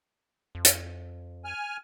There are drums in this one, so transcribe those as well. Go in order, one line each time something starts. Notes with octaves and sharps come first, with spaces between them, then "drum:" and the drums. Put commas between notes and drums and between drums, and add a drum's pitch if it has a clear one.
F2
drum: hi-hat
G#5 F6